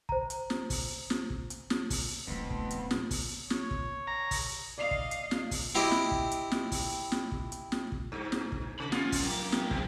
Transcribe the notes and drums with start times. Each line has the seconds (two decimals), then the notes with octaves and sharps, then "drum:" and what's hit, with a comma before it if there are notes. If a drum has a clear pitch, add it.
0.09 C5 A#5, drum: kick
0.30 drum: hi-hat
0.50 drum: snare
0.70 drum: kick, open hi-hat
1.10 drum: snare
1.30 drum: kick
1.50 drum: hi-hat
1.70 drum: snare
1.90 drum: kick, open hi-hat
2.27 D#1 F2 A3 B3
2.50 drum: kick
2.71 drum: hi-hat
2.91 drum: snare
3.11 drum: kick, open hi-hat
3.50 C#5, drum: snare
3.71 drum: kick
4.07 A#5
4.31 drum: kick, open hi-hat
4.78 D5 D#5 F5 C7 F7
4.91 drum: kick
5.11 drum: hi-hat
5.31 drum: snare
5.51 drum: kick, open hi-hat
5.75 C4 E4 G4 D#5
5.91 drum: snare
6.11 drum: kick
6.31 drum: hi-hat
6.52 drum: snare
6.72 drum: kick, open hi-hat
7.12 drum: snare
7.32 drum: kick
7.52 drum: hi-hat
7.72 drum: snare
7.92 drum: kick
8.12 G2
8.32 drum: snare
8.52 drum: kick
8.80 C3 B5
8.92 E2 C#4 F4, drum: snare
9.12 drum: kick, open hi-hat
9.23 F#2 A#3 G4
9.52 drum: snare
9.71 B2, drum: kick